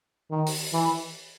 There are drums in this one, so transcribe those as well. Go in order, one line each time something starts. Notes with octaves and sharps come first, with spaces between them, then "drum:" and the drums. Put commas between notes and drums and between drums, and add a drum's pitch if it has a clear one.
D#3
drum: open hi-hat
E3